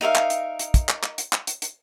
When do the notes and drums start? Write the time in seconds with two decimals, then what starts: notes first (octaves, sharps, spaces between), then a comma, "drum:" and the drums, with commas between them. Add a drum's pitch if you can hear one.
0.01 D#4 A#4 E5 F5
0.15 drum: clap
0.30 drum: hi-hat
0.59 drum: hi-hat
0.74 drum: kick, hi-hat
0.89 drum: clap
1.03 drum: clap
1.18 drum: hi-hat
1.33 drum: clap
1.47 drum: hi-hat
1.62 drum: hi-hat